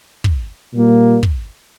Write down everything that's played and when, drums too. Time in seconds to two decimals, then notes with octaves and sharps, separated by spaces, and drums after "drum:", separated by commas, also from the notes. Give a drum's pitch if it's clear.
0.24 drum: kick
0.74 A#2 G3 A#3
1.23 drum: kick